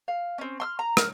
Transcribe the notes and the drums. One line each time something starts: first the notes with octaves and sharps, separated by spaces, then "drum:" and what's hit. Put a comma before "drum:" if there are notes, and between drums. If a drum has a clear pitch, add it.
F5
C4 C#4
C6 E6 F6
A#5
A#4, drum: rim click